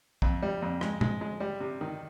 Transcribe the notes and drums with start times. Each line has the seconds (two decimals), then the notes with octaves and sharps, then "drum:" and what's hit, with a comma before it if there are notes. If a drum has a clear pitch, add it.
0.22 F2, drum: kick
0.43 G3
0.62 F2
0.81 G#3, drum: rim click
1.01 G#3, drum: tom
1.21 G#3
1.40 G3
1.60 C3
1.81 D#3